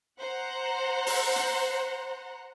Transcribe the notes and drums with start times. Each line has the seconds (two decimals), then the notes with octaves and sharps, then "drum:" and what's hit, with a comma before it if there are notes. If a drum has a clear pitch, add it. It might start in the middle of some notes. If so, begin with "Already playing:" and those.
0.20 C5 F#5 A#5
1.07 drum: open hi-hat
1.36 drum: hi-hat